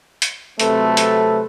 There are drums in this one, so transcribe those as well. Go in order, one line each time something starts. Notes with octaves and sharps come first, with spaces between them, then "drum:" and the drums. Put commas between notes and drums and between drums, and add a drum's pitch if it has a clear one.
drum: hi-hat
C3 F#3 A3 C4 A4 B4, drum: hi-hat
drum: hi-hat